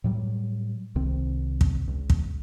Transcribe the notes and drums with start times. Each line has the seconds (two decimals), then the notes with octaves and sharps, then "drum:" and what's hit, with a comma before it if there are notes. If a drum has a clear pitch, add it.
0.04 A2 F#3 G3
0.96 C2 C3 D#3 C4
1.61 drum: kick
1.88 C#2
2.10 drum: kick